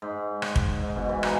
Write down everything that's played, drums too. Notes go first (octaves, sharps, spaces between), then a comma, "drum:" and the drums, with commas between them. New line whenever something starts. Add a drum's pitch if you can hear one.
G#2
drum: rim click
drum: kick
G#2
B2
E3
C#3 F#3, drum: rim click